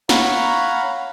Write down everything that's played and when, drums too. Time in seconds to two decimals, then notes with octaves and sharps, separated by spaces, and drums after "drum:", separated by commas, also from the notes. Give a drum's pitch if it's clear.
0.09 C#5 F5 F#5 A#5 B5, drum: snare